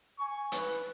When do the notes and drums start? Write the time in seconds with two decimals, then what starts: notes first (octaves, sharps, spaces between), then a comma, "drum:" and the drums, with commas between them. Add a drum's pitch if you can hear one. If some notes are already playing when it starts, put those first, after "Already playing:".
0.18 G#5 C#6
0.52 B4, drum: hi-hat